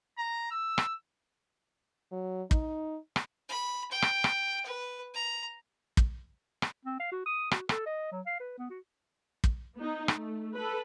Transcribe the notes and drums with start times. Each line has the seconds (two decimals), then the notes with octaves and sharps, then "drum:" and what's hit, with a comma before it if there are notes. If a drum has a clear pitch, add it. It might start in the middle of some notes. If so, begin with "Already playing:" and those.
0.18 A#5
0.51 E6
0.78 drum: rim click
2.12 F#3
2.51 D#4, drum: kick
3.16 drum: rim click
3.49 B5
3.91 G5
4.02 drum: rim click
4.24 drum: rim click
4.65 B4
5.14 A#5
5.97 drum: kick
6.62 drum: rim click
6.85 C4
7.00 F5
7.11 F#4
7.26 D#6
7.51 F#4, drum: rim click
7.69 A4, drum: rim click
7.86 D#5
8.12 F#3
8.26 F5
8.40 B4
8.58 B3
8.70 F#4
9.44 drum: kick
9.77 B3 D#4
10.08 A3, drum: rim click
10.54 A4 B4